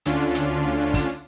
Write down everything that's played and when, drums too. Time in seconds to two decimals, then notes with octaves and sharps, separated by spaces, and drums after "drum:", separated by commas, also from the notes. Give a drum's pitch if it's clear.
0.06 D2 D3 C#4 D4 F4, drum: hi-hat
0.35 drum: hi-hat
0.94 drum: kick, open hi-hat